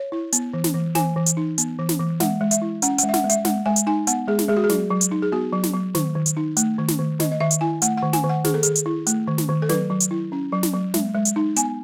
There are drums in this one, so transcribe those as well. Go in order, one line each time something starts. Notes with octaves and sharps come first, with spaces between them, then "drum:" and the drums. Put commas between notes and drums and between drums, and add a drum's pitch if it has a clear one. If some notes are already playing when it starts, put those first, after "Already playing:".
Already playing: C#5
E4
B3, drum: hi-hat
E3
drum: snare
E3
E3 G#5, drum: snare
E3
drum: hi-hat
D#4
B3, drum: hi-hat
E3
drum: snare
E3
G#3 F#5, drum: snare
G#3
E5, drum: hi-hat
E4
C#4 F#5, drum: hi-hat
G#3 F#5, drum: hi-hat
E5
F#5, drum: snare
G#3
E5, drum: hi-hat
G#3 F#5, drum: snare
G#3 G#5
drum: hi-hat
D#4 G#5
B3 F#5, drum: hi-hat
G#3 G#4
drum: snare
G#3 G#4
F#4
G#4
F#3, drum: snare
F#3
drum: hi-hat
D#4
G#4
B3 F#4
F#3
drum: snare
F#3
D#3, drum: snare
D#3
drum: hi-hat
D#4
A3, drum: hi-hat
D#3
drum: snare
D#3
D#3 D#5, drum: snare
D#5
D#3 E5
drum: hi-hat
E4 G#5
A3 F#5, drum: hi-hat
F#5
D#3
G#5, drum: snare
D#3
F#5
D#3 G#4, drum: snare
A4
D#3 G#4, drum: hi-hat
drum: hi-hat
E4
A3, drum: hi-hat
D#3
drum: snare
D#3
A4
F#3 B4, drum: snare
F#3
drum: hi-hat
E4
C#4
F#3
drum: snare
F#3
G#3, drum: snare
G#3
drum: hi-hat
D#4
B3 G#5, drum: hi-hat